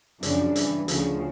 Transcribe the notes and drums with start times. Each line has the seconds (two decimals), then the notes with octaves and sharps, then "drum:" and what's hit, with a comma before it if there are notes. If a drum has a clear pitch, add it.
0.23 F#2 C#3 F3 D4, drum: hi-hat
0.56 G2 E3, drum: hi-hat
0.88 D2 C#3 F3, drum: hi-hat